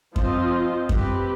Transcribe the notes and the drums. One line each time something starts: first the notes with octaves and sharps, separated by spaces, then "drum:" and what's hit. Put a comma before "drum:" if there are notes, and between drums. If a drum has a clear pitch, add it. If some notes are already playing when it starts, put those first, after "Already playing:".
F3 C4 F4 C5 D#5, drum: kick F#2
C4 G4 B4, drum: kick F#2